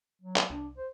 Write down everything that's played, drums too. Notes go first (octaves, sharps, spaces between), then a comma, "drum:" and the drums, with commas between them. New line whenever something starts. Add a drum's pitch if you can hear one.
F#3
drum: clap
C2 D4
C5